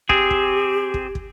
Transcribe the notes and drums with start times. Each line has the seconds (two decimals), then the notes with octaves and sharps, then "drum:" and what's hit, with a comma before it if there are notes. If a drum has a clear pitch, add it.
0.09 C4 G4 G#4, drum: kick
0.31 drum: kick
0.94 drum: kick
1.15 drum: kick